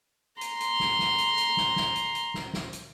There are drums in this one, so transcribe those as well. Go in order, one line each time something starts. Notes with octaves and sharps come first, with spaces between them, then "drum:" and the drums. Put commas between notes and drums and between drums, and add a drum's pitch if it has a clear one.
A#5 C6, drum: hi-hat
drum: hi-hat
drum: snare
drum: snare
drum: hi-hat
drum: hi-hat
drum: snare
drum: snare
drum: hi-hat
drum: hi-hat
drum: snare
drum: snare
drum: hi-hat